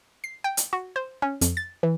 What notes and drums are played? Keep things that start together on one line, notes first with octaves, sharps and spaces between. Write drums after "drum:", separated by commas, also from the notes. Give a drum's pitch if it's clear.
C7
G5
drum: hi-hat
F#4
C5
C#4
F2, drum: hi-hat
A6
E3